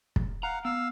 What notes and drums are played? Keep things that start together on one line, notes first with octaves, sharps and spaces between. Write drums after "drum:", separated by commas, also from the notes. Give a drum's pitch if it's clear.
drum: kick
F5 F#5 A#5
B3 F5 E6